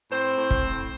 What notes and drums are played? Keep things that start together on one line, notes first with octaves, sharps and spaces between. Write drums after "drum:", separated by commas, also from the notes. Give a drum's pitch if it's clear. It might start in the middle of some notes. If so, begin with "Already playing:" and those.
A2 C4 C5
A2
drum: kick
A2